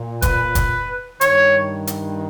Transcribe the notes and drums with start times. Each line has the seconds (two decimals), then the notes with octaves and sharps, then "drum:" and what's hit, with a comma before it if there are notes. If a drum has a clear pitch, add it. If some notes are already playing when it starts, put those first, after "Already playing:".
Already playing: A#2
0.22 B4, drum: kick, hi-hat
0.55 drum: kick, hi-hat
1.21 G2 D#3 C#5, drum: hi-hat
1.87 drum: hi-hat